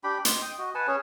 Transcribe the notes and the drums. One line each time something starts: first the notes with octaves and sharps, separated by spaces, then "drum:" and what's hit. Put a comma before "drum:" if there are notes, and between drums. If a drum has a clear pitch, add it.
D4 G4 G5 B5
D#5 C6, drum: hi-hat
G5 D#6
F#4 D#5
B4 F#5 G#5 A5
C#4 G#4 C#5